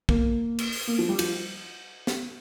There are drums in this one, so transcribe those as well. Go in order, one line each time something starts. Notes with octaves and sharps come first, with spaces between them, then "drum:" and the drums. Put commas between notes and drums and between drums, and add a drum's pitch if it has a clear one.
A#3, drum: kick
drum: cymbal
drum: open hi-hat
A#3
F3
G3
F3, drum: cymbal
drum: snare